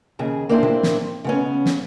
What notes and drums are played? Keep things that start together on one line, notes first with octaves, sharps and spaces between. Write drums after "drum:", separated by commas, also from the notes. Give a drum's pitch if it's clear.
D#2 C#3 G#4
A#3 C4 D4 E4 A#4 C5
drum: tom A#2
drum: snare
C#3 B3 C#4
drum: snare